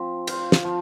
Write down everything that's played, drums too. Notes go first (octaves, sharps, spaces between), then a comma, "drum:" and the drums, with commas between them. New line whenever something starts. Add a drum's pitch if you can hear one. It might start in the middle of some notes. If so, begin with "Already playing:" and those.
Already playing: F3 C4
F4, drum: cymbal
drum: snare
F3